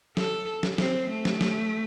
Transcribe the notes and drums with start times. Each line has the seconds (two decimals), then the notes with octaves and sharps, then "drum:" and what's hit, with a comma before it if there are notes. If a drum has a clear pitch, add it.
0.17 A4, drum: snare
0.63 drum: snare
0.78 C4, drum: snare
1.09 A3
1.25 drum: snare
1.41 drum: snare